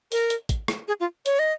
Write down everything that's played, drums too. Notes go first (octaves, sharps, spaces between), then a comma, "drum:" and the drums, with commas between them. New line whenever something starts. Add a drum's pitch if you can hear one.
A#4, drum: open hi-hat
drum: hi-hat
drum: kick, hi-hat
drum: rim click
G#4
F4
C#5, drum: hi-hat
D#5